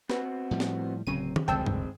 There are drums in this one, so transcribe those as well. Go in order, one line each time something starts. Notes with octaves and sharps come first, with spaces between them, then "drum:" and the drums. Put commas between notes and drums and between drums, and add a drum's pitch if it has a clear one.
B3 C4 F#4 B4, drum: snare
A2 F3 G3
drum: snare
D1 C#3 F#3 C4 D#7
drum: tom D#3
F1 C#2 G3 G#3 C4 G5 A5 E6
drum: tom G2